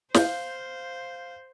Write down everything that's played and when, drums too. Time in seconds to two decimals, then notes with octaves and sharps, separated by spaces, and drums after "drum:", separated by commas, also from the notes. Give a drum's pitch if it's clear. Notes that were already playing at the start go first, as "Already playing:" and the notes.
0.14 C5 F5 G6, drum: snare